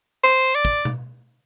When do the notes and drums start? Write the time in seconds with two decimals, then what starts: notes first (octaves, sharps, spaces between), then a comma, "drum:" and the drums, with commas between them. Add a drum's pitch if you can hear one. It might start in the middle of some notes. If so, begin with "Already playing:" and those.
0.24 C5
0.55 D5
0.65 drum: kick
0.85 drum: tom B2